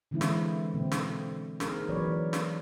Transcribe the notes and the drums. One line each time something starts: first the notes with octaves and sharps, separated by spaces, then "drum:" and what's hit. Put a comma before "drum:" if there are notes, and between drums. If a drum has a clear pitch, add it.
D3 E3 G#3 C4 E4
drum: snare
B2 D3 C4
drum: snare
C4 D#4 G#4 A#4, drum: snare
E3 F#3 B4 C#5 D5
drum: snare